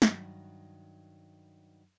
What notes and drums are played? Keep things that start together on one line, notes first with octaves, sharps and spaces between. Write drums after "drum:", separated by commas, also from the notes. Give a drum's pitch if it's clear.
G2 D#3 F#3, drum: snare